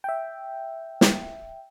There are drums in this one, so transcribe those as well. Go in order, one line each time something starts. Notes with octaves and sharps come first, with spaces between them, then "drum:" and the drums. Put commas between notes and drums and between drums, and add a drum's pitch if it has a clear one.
E5 G5
drum: snare